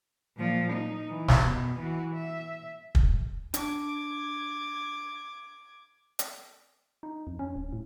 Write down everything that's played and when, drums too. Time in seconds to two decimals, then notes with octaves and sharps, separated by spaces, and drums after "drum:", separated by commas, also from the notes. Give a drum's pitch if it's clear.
0.37 A#2 F3
0.72 D#4
1.09 E3
1.28 drum: snare
1.41 B2
1.79 E3 F#4
2.15 E5
2.95 drum: kick
3.54 D4 D6 G#6, drum: hi-hat
6.19 drum: hi-hat
7.03 D#4
7.27 F2
7.39 C#4
7.56 D1
7.73 A2